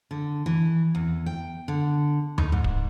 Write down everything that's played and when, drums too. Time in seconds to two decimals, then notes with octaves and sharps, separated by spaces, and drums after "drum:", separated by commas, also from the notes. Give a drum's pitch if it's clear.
0.11 D3
0.46 E3
0.95 E2
1.26 G5
1.68 D3
2.38 D#4, drum: tom D2
2.52 G#2
2.64 drum: kick